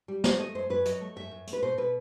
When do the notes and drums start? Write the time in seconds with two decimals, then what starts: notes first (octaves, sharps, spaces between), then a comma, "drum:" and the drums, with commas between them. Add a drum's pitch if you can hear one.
0.08 G3
0.24 F#3 C5, drum: snare
0.39 A3 D#5
0.55 F#2 C5
0.70 F#2 B4
0.85 F#3 D#5, drum: hi-hat
1.01 A3
1.16 F#2 E5
1.31 F#2
1.47 A3, drum: hi-hat
1.53 B4
1.62 B2 C5
1.78 B2 B4